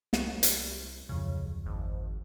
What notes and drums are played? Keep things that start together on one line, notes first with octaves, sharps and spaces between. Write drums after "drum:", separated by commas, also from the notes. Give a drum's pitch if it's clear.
C2, drum: snare
drum: hi-hat
D1 F2 C#3
G#1